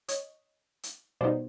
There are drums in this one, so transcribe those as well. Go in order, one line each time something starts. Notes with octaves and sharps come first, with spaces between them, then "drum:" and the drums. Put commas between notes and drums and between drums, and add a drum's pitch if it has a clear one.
C#5 D#5, drum: hi-hat
drum: hi-hat
B2 G3 B3 D#4 C5 D5